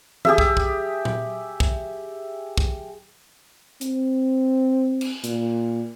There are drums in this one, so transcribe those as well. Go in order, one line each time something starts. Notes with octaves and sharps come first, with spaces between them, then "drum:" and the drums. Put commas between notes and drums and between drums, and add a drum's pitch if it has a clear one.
G4 G#4 E5, drum: tom E3
drum: kick
drum: kick
drum: tom A#2
drum: kick
drum: kick
C4, drum: hi-hat
drum: cymbal
A#2, drum: hi-hat